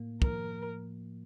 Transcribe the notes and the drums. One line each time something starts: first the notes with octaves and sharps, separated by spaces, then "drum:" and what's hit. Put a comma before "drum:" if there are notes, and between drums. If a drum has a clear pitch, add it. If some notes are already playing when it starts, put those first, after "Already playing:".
Already playing: A2 A#3
F3 A#4, drum: kick